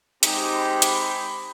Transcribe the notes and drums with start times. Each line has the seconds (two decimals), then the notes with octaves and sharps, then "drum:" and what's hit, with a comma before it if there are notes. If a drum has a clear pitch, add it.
0.23 G#3 C4 D#4 G4, drum: hi-hat
0.53 B5
0.82 drum: hi-hat